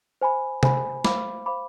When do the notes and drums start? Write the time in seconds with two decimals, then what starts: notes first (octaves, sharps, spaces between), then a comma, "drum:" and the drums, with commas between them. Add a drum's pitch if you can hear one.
0.21 C5 G#5 B5
0.63 C5 G#5 B5, drum: tom C3
1.05 C5 F5 B5 D6, drum: snare
1.46 C5 F5 B5 D6